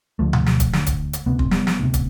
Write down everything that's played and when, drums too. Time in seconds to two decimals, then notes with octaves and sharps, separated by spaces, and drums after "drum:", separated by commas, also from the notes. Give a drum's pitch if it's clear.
0.19 D2 D3 F3 A3
0.33 drum: tom B2
0.46 drum: snare
0.60 drum: kick, hi-hat
0.73 D2 D3, drum: snare
0.87 drum: kick, hi-hat
1.13 drum: hi-hat
1.26 D2 C3 B3
1.39 C4, drum: kick
1.51 G3 B3, drum: snare
1.67 drum: snare
1.80 D2 C3
1.94 drum: kick, hi-hat